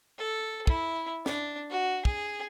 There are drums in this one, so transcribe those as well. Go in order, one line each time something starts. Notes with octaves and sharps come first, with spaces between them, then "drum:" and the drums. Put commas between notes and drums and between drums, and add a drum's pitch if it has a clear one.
A4
E4, drum: kick
D4, drum: snare
F#4
G#4, drum: kick